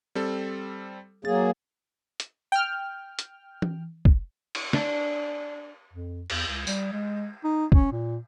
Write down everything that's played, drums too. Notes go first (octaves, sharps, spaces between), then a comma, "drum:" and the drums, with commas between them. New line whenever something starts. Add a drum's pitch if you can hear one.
G3 C4 A4
F#3 A#3 G#4 A6
drum: hi-hat
G5 F6
drum: hi-hat
drum: tom E3
drum: kick
drum: cymbal
D4, drum: snare
F2
E2, drum: cymbal
C#2
G3, drum: tambourine
G#3
D#4
C#4, drum: kick
A#2